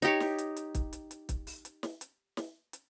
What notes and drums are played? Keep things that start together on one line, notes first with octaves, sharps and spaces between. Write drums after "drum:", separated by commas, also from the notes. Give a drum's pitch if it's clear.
D#4 G4 C#5, drum: hi-hat
drum: snare
drum: hi-hat
drum: hi-hat
drum: kick, hi-hat
drum: hi-hat
drum: hi-hat
drum: kick, hi-hat
drum: open hi-hat
drum: hi-hat
drum: snare
drum: hi-hat
drum: snare
drum: hi-hat